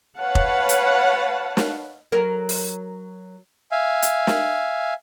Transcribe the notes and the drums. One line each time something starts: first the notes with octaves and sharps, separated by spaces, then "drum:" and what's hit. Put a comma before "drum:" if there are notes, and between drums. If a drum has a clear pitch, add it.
B4 C#5 F5 F#5 A5
drum: kick F1
drum: hi-hat
drum: snare
F#3 A#4
drum: open hi-hat
E5 F5 G#5
drum: hi-hat
drum: snare